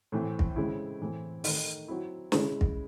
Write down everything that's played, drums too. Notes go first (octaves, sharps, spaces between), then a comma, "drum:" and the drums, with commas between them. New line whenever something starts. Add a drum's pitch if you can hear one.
A2 E3 C4
drum: kick
C#3 G#3 C4 E4
A2 E3 C4 E4
D#3 A3 D#4, drum: open hi-hat
F#3 C4 E4
C#3 G#3 C#4 E4, drum: snare
drum: kick